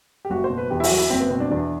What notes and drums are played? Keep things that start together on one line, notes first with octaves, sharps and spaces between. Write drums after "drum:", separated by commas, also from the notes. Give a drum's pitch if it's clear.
G4
F#1 F#4
C5
B2
B4
E2 G4
E4
F#4, drum: open hi-hat
F#3
E4
F#1 C4
B3
B2 C4
D4
E2 D4